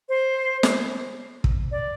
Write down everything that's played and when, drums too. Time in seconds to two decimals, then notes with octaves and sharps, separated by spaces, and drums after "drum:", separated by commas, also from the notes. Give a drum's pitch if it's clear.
0.09 C5
0.63 drum: snare
1.44 drum: kick
1.72 D5